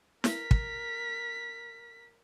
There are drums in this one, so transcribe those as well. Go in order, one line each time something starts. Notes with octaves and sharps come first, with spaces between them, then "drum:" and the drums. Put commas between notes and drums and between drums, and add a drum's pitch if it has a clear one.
A#4 B6, drum: snare
drum: kick